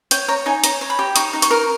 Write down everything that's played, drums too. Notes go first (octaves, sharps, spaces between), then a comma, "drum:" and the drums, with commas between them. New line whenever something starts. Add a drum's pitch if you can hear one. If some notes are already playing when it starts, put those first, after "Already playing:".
C#5 G5, drum: hi-hat
C#5 A#5
D#4 G#5
C#5 A#5, drum: hi-hat
C#5
B5
G4
D#4 C#6, drum: hi-hat
D#4
C#6, drum: hi-hat
A#4